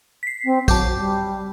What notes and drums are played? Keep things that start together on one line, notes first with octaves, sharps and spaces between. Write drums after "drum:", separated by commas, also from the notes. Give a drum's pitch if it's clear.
B6 C7
C4
F#3 A5 D6 G6, drum: kick A#1, tambourine
G3